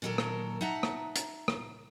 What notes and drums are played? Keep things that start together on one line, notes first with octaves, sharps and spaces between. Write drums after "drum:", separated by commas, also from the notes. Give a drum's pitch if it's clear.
A#2 D#3 F#3 F4 A4 A#4
drum: rim click
D#4 E5 F#5 A5 A#5
drum: rim click
drum: hi-hat
drum: rim click